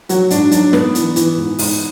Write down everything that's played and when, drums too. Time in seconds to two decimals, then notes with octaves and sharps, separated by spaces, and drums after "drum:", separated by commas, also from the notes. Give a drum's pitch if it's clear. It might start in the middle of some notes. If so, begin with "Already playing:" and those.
0.09 F#3 F#4, drum: hi-hat
0.30 G#2 D4, drum: hi-hat
0.51 F#3 D4, drum: hi-hat
0.73 G#2 B3, drum: snare
0.95 E3, drum: hi-hat
1.16 E3, drum: hi-hat
1.37 G#2
1.59 G#2, drum: open hi-hat